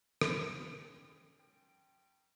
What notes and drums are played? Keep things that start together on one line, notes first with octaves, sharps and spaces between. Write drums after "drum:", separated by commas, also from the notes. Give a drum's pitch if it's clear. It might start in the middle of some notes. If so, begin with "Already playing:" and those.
B4, drum: rim click
G#3 C#4 D#4 G#4 C#5 G5
F#2 G5